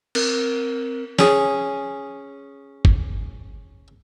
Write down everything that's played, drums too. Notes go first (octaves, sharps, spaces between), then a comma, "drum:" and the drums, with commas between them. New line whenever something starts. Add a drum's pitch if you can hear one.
C4 A#4, drum: cymbal
C#4 G#4, drum: snare
drum: kick G1